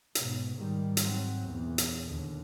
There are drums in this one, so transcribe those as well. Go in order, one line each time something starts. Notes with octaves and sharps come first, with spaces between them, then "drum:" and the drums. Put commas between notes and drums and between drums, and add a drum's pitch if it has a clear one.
G#2 B2, drum: hi-hat
G#2 D#3 G3
G#2 F#3 C4, drum: hi-hat
E2 A#2
drum: hi-hat
D#2 D3